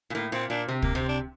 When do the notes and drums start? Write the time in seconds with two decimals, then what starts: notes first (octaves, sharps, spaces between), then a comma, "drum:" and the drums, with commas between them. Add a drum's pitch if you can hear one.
0.10 A#2
0.14 A2 A#3
0.32 A#2 C4
0.50 A#2 D4
0.68 C3 C4
0.82 A#3, drum: kick
0.95 C3 C4
1.09 D4